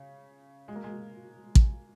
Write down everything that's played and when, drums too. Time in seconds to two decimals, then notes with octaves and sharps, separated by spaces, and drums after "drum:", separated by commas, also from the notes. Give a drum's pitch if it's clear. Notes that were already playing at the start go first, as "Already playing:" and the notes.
Already playing: C#3
0.68 G#3
0.75 A#3
0.84 G#3
1.55 drum: kick